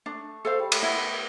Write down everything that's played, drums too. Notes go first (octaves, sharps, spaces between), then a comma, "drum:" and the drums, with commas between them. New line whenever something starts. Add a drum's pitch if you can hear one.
A3 D4
A4 C5 F5
G3
A3, drum: cymbal
B3 E4